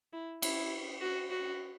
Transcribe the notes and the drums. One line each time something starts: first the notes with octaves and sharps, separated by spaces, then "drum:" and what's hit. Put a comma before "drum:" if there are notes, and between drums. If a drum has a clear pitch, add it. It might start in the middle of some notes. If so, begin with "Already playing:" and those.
E4
E4, drum: cymbal
F#4
F#4